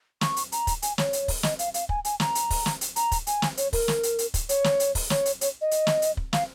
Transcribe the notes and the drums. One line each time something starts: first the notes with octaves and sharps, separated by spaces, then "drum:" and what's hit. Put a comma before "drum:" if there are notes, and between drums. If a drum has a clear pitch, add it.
C#6, drum: snare
drum: hi-hat
A#5, drum: hi-hat
drum: kick, hi-hat
G#5, drum: hi-hat
C#5, drum: snare
drum: hi-hat
drum: kick, open hi-hat
D#5, drum: snare
F5, drum: hi-hat
F5, drum: hi-hat
G#5, drum: kick
G#5, drum: hi-hat
A#5, drum: snare
drum: hi-hat
drum: kick, open hi-hat
drum: snare
drum: hi-hat
A#5, drum: hi-hat
drum: kick, hi-hat
G#5, drum: hi-hat
drum: snare
C#5, drum: hi-hat
A#4, drum: kick, open hi-hat
drum: snare
drum: hi-hat
drum: hi-hat
drum: kick, hi-hat
C#5, drum: hi-hat
drum: snare
drum: hi-hat
drum: kick, open hi-hat
C#5, drum: snare
drum: hi-hat
C#5, drum: hi-hat
D#5
drum: hi-hat
drum: snare
drum: hi-hat
drum: kick
F5, drum: snare